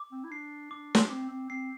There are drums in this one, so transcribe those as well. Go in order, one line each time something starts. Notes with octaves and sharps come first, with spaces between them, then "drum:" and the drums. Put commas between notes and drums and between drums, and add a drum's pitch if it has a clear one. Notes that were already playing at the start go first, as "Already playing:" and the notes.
Already playing: D6
C4
E4
D4 C7
D4 D6
drum: snare
C4 D6
C4
C4 C7